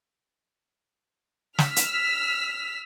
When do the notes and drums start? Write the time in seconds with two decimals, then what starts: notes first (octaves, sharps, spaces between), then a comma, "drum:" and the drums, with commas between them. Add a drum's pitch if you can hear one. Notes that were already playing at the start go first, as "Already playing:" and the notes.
1.59 E6 F6 B6, drum: snare
1.76 drum: hi-hat